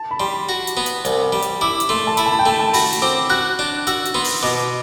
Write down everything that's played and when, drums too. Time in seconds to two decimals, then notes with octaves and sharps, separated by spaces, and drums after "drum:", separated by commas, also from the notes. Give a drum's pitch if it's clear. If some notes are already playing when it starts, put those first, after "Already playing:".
Already playing: A5
0.11 B5
0.20 G3 C6
0.49 F#4
0.67 drum: hi-hat
0.77 B3
0.86 drum: hi-hat
1.05 C2, drum: hi-hat
1.33 G3
1.42 drum: hi-hat
1.61 E4 D6
1.80 drum: hi-hat
1.89 A3 C6
2.07 A5
2.17 E4 B5, drum: hi-hat
2.26 A5
2.32 B5
2.39 G5
2.46 A3 A5
2.60 A5
2.73 F#4 B5, drum: open hi-hat
2.93 drum: hi-hat
3.02 C4 D6
3.30 F#4 F#6
3.59 D4
3.87 F#4 E6, drum: hi-hat
4.05 drum: hi-hat
4.15 B3 C6
4.24 drum: open hi-hat
4.43 B2 D6